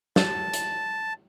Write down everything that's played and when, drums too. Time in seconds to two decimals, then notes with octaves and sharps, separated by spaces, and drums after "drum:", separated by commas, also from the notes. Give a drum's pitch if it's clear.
0.16 A5, drum: snare
0.54 drum: hi-hat